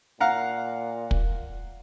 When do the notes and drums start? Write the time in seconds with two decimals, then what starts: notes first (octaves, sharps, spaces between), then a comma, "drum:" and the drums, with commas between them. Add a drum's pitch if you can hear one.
0.20 A#2 F5 F#5 A#5
1.11 drum: kick